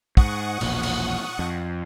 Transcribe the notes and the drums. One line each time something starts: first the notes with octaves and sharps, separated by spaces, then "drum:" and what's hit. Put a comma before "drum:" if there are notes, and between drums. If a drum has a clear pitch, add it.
G#2 F#5 C#6 D#6, drum: kick
E1 A#1 A#2, drum: cymbal
drum: cymbal
F2